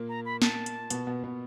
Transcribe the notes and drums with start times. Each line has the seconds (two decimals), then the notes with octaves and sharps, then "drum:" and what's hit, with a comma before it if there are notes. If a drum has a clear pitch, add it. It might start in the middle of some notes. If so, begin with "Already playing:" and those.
Already playing: A#2 A#3
0.09 A#5
0.25 B5
0.42 A5, drum: snare
0.66 drum: hi-hat
0.90 B2 B3, drum: hi-hat
1.07 B2 B3
1.24 B2 B3